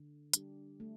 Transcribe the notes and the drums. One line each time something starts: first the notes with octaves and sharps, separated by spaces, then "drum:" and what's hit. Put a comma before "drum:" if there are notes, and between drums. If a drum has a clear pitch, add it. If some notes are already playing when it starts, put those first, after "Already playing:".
Already playing: D3
G3 D4 G4, drum: hi-hat
A3